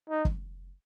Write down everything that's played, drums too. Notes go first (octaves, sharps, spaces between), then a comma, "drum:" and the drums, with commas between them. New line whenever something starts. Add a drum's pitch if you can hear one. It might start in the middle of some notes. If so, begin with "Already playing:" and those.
D#4
drum: kick